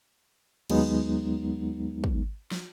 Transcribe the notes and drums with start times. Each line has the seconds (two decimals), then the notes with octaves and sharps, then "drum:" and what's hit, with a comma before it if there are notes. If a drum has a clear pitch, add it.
0.70 D#2 F#3 G#3 B3 D#4, drum: cymbal
2.04 drum: kick
2.51 drum: snare